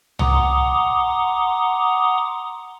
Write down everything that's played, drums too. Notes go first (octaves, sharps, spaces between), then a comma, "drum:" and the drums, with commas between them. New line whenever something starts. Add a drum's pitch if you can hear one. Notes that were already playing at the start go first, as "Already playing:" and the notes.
F#5 A#5 C6 D6 D#6, drum: tom C2